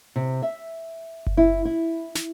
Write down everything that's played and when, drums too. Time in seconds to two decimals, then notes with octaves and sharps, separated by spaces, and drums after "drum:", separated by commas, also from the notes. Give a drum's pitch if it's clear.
0.16 C3
0.42 E5
1.27 drum: kick F#1
1.37 E4
1.65 E4
2.15 drum: snare